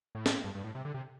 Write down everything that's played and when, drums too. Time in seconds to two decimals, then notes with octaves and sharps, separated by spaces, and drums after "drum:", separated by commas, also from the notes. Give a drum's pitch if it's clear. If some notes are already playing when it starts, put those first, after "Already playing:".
0.15 A2
0.26 drum: snare
0.44 G2
0.55 G2
0.64 A2
0.75 C3
0.85 D3
0.94 C3